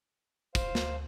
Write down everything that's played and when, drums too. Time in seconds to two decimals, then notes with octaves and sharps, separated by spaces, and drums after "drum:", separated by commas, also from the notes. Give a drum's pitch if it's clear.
0.55 D#1 C5 F5, drum: kick, tambourine
0.75 D2, drum: snare